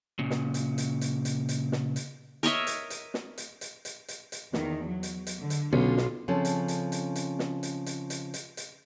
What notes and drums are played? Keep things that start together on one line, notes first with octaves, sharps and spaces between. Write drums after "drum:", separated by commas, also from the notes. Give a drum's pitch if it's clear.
A#2 C#3
drum: snare
drum: hi-hat
drum: hi-hat
drum: hi-hat
drum: hi-hat
drum: hi-hat
drum: snare
drum: hi-hat
A#4 C#5 D#5 E5, drum: hi-hat
drum: hi-hat
drum: hi-hat
drum: snare
drum: hi-hat
drum: hi-hat
drum: hi-hat
drum: hi-hat
drum: hi-hat
E2 D#3, drum: snare
F#3
drum: hi-hat
drum: hi-hat
D3
drum: hi-hat
B1 D3 B3 C#4 F4
drum: snare
C#3 F3 C4 C#4 A4
drum: hi-hat
drum: hi-hat
drum: hi-hat
drum: hi-hat
drum: snare
drum: hi-hat
drum: hi-hat
drum: hi-hat
drum: hi-hat
drum: hi-hat